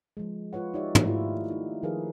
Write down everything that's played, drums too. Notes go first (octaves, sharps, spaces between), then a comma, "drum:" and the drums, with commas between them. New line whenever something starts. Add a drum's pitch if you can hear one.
F3 G#3
F4 B4 C#5 F#5
D#4 F#4 G4 C#5 D5 E5
drum: tom
D#3 A3 A#3 E4 F4 G4
D#4
D#3 F3 G#4 A#4 B4 F5